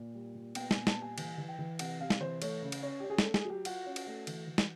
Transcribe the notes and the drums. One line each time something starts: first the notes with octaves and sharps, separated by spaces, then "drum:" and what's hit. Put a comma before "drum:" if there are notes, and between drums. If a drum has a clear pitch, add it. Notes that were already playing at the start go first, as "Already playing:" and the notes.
Already playing: A#2
G3
A#2
B3 G5, drum: cymbal
G#5, drum: snare
A#2
A5, drum: snare
G3 G#5
E3 G#5, drum: cymbal
E3
G5
E3
C3 F#5, drum: cymbal
C3 F5
drum: snare
E3 C5
A3 C#5, drum: cymbal
C#3
drum: cymbal
C#4
C#4 G4
G#4
A4, drum: snare
A3
G#4, drum: snare
F#3 G4
F4 F#4, drum: cymbal
C#4
drum: cymbal
A3
E3, drum: cymbal
E3
drum: snare